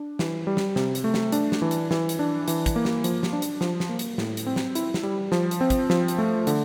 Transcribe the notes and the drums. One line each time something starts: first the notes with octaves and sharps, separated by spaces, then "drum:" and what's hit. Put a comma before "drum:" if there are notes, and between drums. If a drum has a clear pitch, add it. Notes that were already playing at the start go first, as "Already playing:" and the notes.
Already playing: D4
E3, drum: snare
G3
drum: snare
C3, drum: snare
drum: hi-hat
A3
drum: snare
D4, drum: hi-hat
drum: snare
E3
drum: hi-hat
E3, drum: snare
drum: hi-hat
D4
E3, drum: hi-hat
drum: kick, hi-hat
A#3
drum: snare
F3, drum: hi-hat
drum: snare
D4
drum: hi-hat
F3, drum: snare
drum: snare
A#3
drum: hi-hat
A2, drum: snare
drum: hi-hat
C4
drum: snare
E4, drum: hi-hat
drum: snare
G3
F3, drum: snare
drum: hi-hat
C4
drum: kick, hi-hat
F3, drum: snare
drum: hi-hat
A3
D3, drum: hi-hat